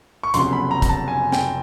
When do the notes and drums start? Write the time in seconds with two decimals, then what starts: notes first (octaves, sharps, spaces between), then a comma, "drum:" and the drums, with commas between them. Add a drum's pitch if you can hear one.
0.23 C#6
0.34 F1 F2 C#3 F#3 B3 C6, drum: hi-hat
0.53 B5
0.71 A#5
0.82 A#5, drum: kick, hi-hat
0.89 A5
1.08 G#5
1.32 G5, drum: snare